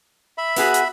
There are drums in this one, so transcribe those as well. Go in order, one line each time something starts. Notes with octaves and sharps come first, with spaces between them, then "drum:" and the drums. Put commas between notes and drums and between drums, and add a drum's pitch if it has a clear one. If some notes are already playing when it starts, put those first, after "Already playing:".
E5 B5
B3 F#4 G#4, drum: open hi-hat
drum: hi-hat